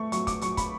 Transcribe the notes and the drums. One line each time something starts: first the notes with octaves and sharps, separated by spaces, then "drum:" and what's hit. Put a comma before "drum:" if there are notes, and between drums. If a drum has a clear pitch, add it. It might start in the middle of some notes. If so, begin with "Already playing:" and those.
Already playing: A3 C#6
F#3 C#6, drum: hi-hat
D6, drum: kick, hi-hat
F#3 C#6, drum: hi-hat
B5, drum: kick, hi-hat